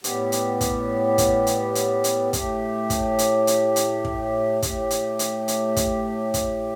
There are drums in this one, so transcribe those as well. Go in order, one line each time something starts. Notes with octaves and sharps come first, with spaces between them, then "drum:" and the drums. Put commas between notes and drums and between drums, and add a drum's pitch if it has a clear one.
A2 G3 B3 G4, drum: hi-hat
drum: hi-hat
drum: kick, hi-hat
drum: kick, hi-hat
drum: hi-hat
drum: hi-hat
drum: hi-hat
A2 A3 G4, drum: kick, hi-hat
drum: kick, hi-hat
drum: hi-hat
drum: hi-hat
drum: hi-hat
drum: kick
A2 A3 G4, drum: kick, hi-hat
drum: hi-hat
drum: hi-hat
drum: hi-hat
drum: kick, hi-hat
drum: kick, hi-hat